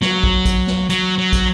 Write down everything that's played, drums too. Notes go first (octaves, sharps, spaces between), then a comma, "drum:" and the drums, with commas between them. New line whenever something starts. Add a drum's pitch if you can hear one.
F#3, drum: snare
drum: kick
drum: kick, hi-hat
drum: snare
F#3, drum: hi-hat
F#3
drum: kick, hi-hat